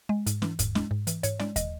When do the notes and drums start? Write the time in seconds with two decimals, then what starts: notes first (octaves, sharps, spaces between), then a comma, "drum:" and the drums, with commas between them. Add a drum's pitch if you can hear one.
0.09 G#3
0.26 G#2, drum: hi-hat
0.42 E3, drum: snare
0.59 G#2, drum: kick D#2, hi-hat
0.75 G#3, drum: snare
0.91 G#2
1.07 E3, drum: hi-hat
1.23 G#2 C#5, drum: hi-hat
1.40 G#3 D5, drum: snare
1.56 D#5, drum: kick D#2, hi-hat